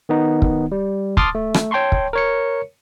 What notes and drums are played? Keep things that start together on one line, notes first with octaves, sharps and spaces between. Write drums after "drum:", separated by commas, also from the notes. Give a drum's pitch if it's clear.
D#3 B3 D#4
drum: kick
G3
A5 C6 D6 D#6 F6 A6, drum: kick
A3
drum: rim click
C#5 G5 A5 C6 C#6
drum: kick
A#4 C#5 C#7